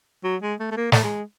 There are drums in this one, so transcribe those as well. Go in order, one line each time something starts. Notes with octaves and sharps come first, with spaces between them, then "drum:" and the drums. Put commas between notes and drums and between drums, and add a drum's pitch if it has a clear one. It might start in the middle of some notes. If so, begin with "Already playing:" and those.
F#3
G#3
A3
A3
A#3
A3, drum: snare
G#3